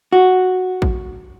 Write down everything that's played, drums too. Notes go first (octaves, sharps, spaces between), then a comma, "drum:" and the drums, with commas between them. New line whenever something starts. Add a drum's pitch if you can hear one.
F#4
drum: kick